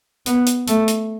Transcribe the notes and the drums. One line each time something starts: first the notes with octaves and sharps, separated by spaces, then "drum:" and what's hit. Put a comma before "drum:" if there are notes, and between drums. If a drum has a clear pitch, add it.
B3, drum: hi-hat
drum: hi-hat
A3, drum: hi-hat
drum: hi-hat